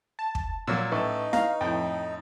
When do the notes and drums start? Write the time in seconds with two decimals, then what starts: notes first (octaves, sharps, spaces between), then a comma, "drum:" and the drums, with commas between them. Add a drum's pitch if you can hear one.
0.19 A5
0.35 drum: kick
0.67 A#2 F#3 A#3 E6
0.92 A1 D#4 B4 A5 C#6
1.33 F5 A#5, drum: snare E4
1.61 F2 A2 G5